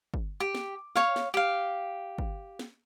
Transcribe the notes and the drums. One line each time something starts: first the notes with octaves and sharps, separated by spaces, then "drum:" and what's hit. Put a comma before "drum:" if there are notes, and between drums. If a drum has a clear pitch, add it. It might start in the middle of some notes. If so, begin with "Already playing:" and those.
drum: kick
G4
drum: snare
C#5 F5, drum: snare
drum: snare
G4 F5
drum: kick
drum: snare